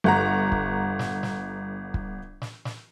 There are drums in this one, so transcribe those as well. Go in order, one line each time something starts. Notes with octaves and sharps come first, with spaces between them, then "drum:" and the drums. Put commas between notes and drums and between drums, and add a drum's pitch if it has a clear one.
G1 F#5 A#5
drum: kick
drum: snare
drum: snare
drum: kick
drum: snare
drum: snare